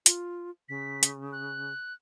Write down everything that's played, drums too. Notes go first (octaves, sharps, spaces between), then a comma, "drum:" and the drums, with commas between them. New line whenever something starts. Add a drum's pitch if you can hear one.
F4, drum: hi-hat
C#3 B6
drum: hi-hat
F#6